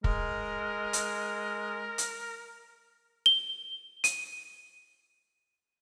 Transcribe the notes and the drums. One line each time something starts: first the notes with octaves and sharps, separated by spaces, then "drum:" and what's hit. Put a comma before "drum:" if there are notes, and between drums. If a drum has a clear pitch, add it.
G#3 A#4, drum: kick
drum: hi-hat
drum: hi-hat
G7
D#7, drum: hi-hat